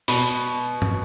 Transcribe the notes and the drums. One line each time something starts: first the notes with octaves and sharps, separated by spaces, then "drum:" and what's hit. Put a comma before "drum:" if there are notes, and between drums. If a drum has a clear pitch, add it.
B2 B5, drum: open hi-hat
drum: tom